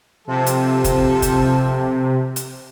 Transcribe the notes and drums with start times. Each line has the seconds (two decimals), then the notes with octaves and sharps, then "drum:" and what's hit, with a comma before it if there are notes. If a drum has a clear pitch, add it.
0.27 C3 F3 A4
0.46 drum: hi-hat
0.84 drum: kick F1, hi-hat
1.22 drum: kick F1, hi-hat
2.36 drum: hi-hat